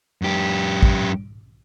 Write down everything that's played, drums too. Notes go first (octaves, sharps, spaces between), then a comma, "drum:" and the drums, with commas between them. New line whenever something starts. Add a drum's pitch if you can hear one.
F#2 G4
drum: kick